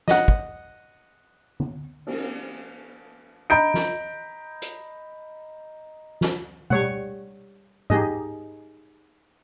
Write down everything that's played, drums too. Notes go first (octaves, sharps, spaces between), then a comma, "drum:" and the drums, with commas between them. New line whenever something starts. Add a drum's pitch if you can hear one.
D#5 F#5, drum: snare
drum: kick
drum: tom
drum: cymbal
D#5 A#5 B5 G6 D7
drum: snare
drum: hi-hat
drum: snare
G3 C#5 F#5, drum: tom
D#4 G4 G#4 D#5, drum: tom G#2